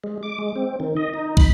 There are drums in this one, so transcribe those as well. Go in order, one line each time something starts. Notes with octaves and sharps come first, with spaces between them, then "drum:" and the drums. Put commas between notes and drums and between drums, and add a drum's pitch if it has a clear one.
G#3
D6
G#3
C4
D#3
D#5
D#4
B5, drum: kick